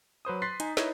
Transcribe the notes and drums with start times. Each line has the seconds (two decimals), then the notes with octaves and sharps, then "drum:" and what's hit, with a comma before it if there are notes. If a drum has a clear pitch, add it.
0.25 F#3 B4 C5 D#6
0.42 C6 F#6 A6 B6 C7
0.60 D#4 G#5, drum: hi-hat
0.77 D#4 E4 B4 C#5 D#5, drum: snare